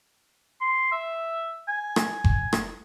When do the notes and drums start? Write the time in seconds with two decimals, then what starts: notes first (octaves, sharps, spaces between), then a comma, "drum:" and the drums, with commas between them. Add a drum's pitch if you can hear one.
0.61 C6
0.92 E5
1.68 G#5
1.96 drum: rim click
2.24 drum: kick F#1
2.53 drum: rim click